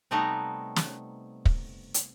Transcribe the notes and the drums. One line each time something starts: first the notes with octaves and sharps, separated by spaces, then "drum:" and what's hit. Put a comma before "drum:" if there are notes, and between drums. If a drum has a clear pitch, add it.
C3 G3 A3 B3 D#4 A#5
drum: snare
drum: kick
drum: hi-hat